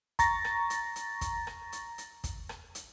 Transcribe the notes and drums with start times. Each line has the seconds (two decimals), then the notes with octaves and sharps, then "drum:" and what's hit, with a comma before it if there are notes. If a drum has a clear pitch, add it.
0.19 A#5 C#6 A6 A#6, drum: kick, hi-hat
0.44 drum: rim click
0.70 drum: hi-hat
0.96 drum: hi-hat
1.21 drum: kick, hi-hat
1.47 drum: rim click
1.72 drum: hi-hat
1.98 drum: hi-hat
2.24 drum: kick, hi-hat
2.49 drum: rim click
2.75 drum: hi-hat